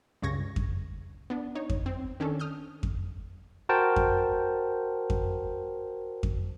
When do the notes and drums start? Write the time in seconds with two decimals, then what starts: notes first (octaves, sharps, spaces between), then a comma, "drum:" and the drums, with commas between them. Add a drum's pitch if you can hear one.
0.22 C#2 G2 C#3 C#6 G#6 A#6
0.56 drum: kick F2
1.30 B3 D4
1.55 D#4 C#5
1.70 drum: kick F2
1.86 C4
2.20 D#3 C#4 D4 A4
2.39 D#6 F6 G6
2.83 drum: kick F2
3.69 F#4 A#4 C5 G5 A5
3.96 drum: kick F2
5.10 drum: kick F2
6.23 drum: kick F2